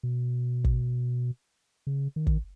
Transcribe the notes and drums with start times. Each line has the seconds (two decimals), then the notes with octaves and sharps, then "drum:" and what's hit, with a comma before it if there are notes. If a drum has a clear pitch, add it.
0.03 B2
0.64 drum: kick
1.87 C#3
2.16 D#3
2.27 drum: kick